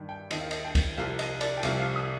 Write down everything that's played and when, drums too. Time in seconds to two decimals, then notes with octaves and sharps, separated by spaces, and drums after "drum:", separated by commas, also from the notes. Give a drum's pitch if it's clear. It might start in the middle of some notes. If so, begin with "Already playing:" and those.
Already playing: G2 D#3
0.09 G5
0.31 D#2 D#3 D#5, drum: cymbal
0.41 F5
0.51 D#5, drum: cymbal
0.65 G5
0.75 drum: kick, cymbal
0.98 C2 C3 F3 F5, drum: rim click
1.19 D#5, drum: cymbal
1.41 D5, drum: cymbal
1.57 G5
1.63 C2 C3 F3 F5, drum: cymbal
1.80 F5
1.96 D#6